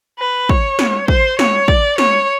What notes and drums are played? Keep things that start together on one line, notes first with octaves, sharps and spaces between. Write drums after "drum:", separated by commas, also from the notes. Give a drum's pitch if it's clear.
B4
C#5, drum: kick
drum: snare
C5, drum: kick
C#5, drum: snare
D5, drum: kick
C#5, drum: snare